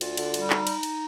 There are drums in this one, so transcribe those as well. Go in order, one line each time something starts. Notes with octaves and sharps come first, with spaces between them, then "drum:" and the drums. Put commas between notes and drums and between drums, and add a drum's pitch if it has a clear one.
D2 F4, drum: cymbal
D3, drum: cymbal
G3, drum: cymbal
D2 D#4, drum: clap
drum: cymbal
drum: cymbal